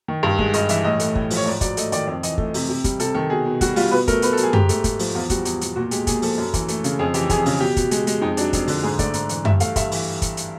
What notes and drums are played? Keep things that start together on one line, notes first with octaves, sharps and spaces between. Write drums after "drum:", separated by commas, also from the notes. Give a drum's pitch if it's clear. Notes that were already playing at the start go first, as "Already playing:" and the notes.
D#3
G2
G#3, drum: kick
G2 D#5, drum: hi-hat
E3 E5, drum: hi-hat
A2 D#5
A3, drum: hi-hat
A2, drum: kick
F3, drum: open hi-hat
C#5
G#2 D5
F#3 D5, drum: kick, hi-hat
A3 D#5, drum: hi-hat
D#3 D5, drum: hi-hat
F2 D5
E3 D#5, drum: hi-hat
A3, drum: kick
C3, drum: open hi-hat
C3
G3, drum: kick, hi-hat
C3 A4, drum: hi-hat
D#3 A4
B2 G#4
B2
G3 F#4, drum: kick, hi-hat
G3 F4, drum: open hi-hat
B2 B4
A3 A#4, drum: kick, hi-hat
B2 B4, drum: hi-hat
A4
F#3, drum: hi-hat
G#4
G#2 G4, drum: tom F#2
A3, drum: hi-hat
G#2, drum: kick, hi-hat
F3, drum: open hi-hat
E2 F4
G3 F#4, drum: kick, hi-hat
E2, drum: hi-hat
B2, drum: hi-hat
A#2 F#4
G#3 G4, drum: hi-hat
A#2 G#4, drum: kick, hi-hat
F3 A4, drum: open hi-hat
F#2
E3, drum: kick, hi-hat
A3, drum: hi-hat
C#3, drum: hi-hat
F2 G#4
E3 G4, drum: hi-hat
F2 G#4, drum: kick, hi-hat
C#3, drum: open hi-hat
B2 G4
B2, drum: kick, hi-hat
G#3, drum: hi-hat
G#3, drum: hi-hat
F2 D#4
F#3 D4, drum: hi-hat
F2, drum: kick, hi-hat
D3 D4, drum: open hi-hat
G#2 G#4
A3 D5, drum: kick, hi-hat
G#2, drum: hi-hat
E3, drum: hi-hat
G2 E5, drum: tom F#2
A3 F5, drum: hi-hat
G2 E5, drum: kick, hi-hat
E3, drum: open hi-hat
drum: kick, hi-hat
drum: hi-hat